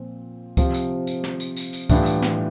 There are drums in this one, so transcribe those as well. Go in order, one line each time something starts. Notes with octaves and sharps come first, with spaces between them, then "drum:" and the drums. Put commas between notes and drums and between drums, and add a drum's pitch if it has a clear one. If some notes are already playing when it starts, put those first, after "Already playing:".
Already playing: A#2 F3 C4
C3 F3 C4, drum: kick C#2, tambourine
drum: tambourine
drum: tambourine
drum: snare
drum: tambourine
drum: tambourine
drum: tambourine
A2 E3 G3 D4 F4, drum: kick C#2, tambourine
drum: tambourine
drum: snare